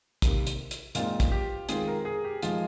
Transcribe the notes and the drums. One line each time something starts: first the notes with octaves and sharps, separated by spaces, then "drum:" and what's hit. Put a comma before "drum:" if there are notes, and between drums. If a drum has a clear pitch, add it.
C3 D#3 A#3, drum: kick, hi-hat
drum: hi-hat
drum: hi-hat
A#2 G#3 C4 D#4 F4, drum: hi-hat
drum: kick, hi-hat
G4
D#3 G#3 C4 F4 G#4, drum: hi-hat
A#4
G#4
G4
F3 G#3 D#4 F4, drum: hi-hat